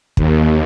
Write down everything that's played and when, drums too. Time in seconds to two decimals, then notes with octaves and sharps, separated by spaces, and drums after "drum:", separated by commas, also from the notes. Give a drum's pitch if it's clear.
0.17 D#2, drum: kick